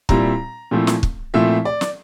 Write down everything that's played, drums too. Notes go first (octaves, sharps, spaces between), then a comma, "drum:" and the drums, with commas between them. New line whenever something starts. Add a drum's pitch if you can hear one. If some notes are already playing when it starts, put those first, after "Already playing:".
A#2 G3 C4 E4 A#5, drum: kick
A#2 F3 A3 C4 E4
drum: snare
drum: kick
A#2 F3 A3 C4 E4 E5
D5
drum: snare